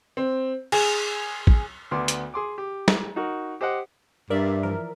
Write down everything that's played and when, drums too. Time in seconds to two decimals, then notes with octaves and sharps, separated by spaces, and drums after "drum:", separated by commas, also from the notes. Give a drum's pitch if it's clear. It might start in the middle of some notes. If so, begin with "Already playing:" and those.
0.17 C4
0.72 G#4, drum: cymbal
1.47 drum: kick
1.91 D2 B3 C6 D6
2.08 drum: hi-hat
2.34 G#4 C6 D6
2.58 G4
2.88 drum: snare
3.16 D#4 F#4 A#4
3.61 G4 C5 D#5 F#5
4.30 G2 A#4 D5 E5
4.63 E3 F3 A#4